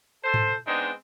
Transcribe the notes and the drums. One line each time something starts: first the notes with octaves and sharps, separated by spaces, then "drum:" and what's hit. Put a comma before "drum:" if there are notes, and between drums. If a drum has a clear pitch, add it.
A4 C5
drum: tom G#2
G#3 B3 C4 D4 D#4